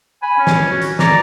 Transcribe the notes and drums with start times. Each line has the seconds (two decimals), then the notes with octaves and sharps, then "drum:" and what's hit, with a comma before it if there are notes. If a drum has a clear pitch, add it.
0.22 G#5 B5
0.38 C#4
0.47 drum: snare
0.70 F#4
0.82 drum: hi-hat
0.99 D5 A#5, drum: snare